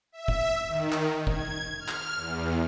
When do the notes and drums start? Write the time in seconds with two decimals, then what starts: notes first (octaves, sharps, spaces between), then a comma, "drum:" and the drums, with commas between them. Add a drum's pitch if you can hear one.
0.12 E5
0.28 drum: kick
0.67 D#3
0.92 drum: clap
1.27 G#6, drum: kick
1.77 F6
1.88 drum: clap
2.15 E2